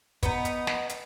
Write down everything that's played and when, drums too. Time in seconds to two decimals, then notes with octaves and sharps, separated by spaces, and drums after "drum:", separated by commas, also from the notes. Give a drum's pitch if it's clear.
0.23 B3 D#4, drum: kick, hi-hat
0.45 drum: hi-hat
0.67 drum: snare
0.89 drum: hi-hat